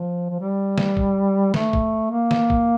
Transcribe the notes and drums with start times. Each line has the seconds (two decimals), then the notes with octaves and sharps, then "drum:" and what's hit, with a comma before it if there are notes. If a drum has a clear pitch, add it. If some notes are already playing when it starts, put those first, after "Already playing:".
Already playing: F3
0.29 F3
0.40 G3
0.78 drum: snare
0.97 drum: kick G#1
1.54 A3, drum: snare
1.73 drum: kick G#1
2.11 A#3
2.31 drum: snare
2.50 drum: kick G#1